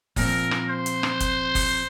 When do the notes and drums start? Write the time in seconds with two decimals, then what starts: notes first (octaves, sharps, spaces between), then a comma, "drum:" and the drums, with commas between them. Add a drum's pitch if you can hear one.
0.16 A#2 F3 C4 A#4, drum: kick F#1, open hi-hat
0.51 drum: rim click
0.69 C5
0.86 drum: hi-hat
1.03 drum: rim click
1.20 drum: kick F#1, hi-hat
1.55 drum: kick F#1, open hi-hat